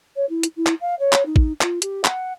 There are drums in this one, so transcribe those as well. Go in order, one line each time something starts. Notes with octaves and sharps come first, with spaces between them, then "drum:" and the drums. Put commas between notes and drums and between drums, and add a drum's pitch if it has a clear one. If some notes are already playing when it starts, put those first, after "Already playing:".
C#5
E4
drum: hi-hat
E4
drum: clap
F5
C#5
drum: clap
D#4
drum: kick
F4, drum: clap
G4, drum: hi-hat
F#5, drum: clap